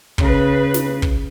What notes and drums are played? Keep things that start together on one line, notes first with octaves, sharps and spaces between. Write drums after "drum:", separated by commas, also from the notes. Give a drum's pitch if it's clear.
C#3 B4, drum: kick
drum: snare
drum: kick